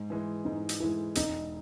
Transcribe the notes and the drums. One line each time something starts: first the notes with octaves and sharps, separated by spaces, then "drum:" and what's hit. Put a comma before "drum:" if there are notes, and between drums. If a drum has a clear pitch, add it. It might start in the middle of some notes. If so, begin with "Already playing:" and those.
Already playing: G#2
E3 G#3
G#2 D#4
drum: hi-hat
E3 G#3 E4
E1 D#4, drum: hi-hat